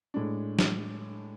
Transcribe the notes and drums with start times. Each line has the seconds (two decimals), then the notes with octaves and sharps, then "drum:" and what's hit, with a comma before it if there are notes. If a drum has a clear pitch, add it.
0.14 A2 G#3 D4
0.59 drum: snare